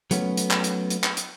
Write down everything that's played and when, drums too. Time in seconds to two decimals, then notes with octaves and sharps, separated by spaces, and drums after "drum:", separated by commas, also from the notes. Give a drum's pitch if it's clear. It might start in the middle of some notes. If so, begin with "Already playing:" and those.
0.11 F#3 A3 B3 C#4, drum: hi-hat
0.37 drum: hi-hat
0.51 drum: clap
0.64 drum: hi-hat
0.90 drum: hi-hat
1.04 drum: clap
1.17 drum: hi-hat